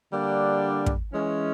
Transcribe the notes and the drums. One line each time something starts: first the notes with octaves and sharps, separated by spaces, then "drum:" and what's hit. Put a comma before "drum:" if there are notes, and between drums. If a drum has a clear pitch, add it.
D3 G3 A#3 D4
drum: kick
E3 G#3 C#4